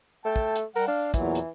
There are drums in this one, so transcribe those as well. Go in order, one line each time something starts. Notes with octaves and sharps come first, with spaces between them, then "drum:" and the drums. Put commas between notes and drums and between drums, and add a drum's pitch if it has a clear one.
A3 G5 A5
drum: kick
drum: hi-hat
G3 A#4 F#5, drum: open hi-hat
D4 F5
E2 A#2 E3 F#3, drum: kick, hi-hat
drum: hi-hat